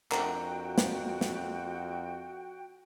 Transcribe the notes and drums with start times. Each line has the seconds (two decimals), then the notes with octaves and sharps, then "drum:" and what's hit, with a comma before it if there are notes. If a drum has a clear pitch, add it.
0.12 F2 D4 F#4 A#4 G5 A#5, drum: clap
0.78 drum: snare
1.21 drum: snare